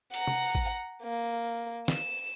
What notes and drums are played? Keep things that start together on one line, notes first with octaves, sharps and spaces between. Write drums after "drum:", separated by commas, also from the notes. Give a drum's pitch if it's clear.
F#5 A#5, drum: hi-hat
drum: tom
drum: kick A1
A#3
E7, drum: snare